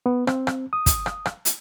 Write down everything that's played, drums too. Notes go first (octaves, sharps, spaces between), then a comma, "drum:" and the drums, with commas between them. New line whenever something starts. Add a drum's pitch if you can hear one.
B3
C4, drum: rim click
drum: rim click
D#6
drum: kick, hi-hat
drum: rim click
drum: rim click
drum: hi-hat